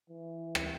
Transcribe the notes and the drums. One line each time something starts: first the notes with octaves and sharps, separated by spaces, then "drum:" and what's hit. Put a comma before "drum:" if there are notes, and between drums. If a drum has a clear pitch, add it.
E3
drum: rim click